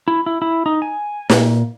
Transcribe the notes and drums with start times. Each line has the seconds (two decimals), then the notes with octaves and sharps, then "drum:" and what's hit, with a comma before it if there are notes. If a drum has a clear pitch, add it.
0.08 E4
0.26 E4
0.42 E4
0.66 D#4
0.82 G#5
1.30 A#2, drum: snare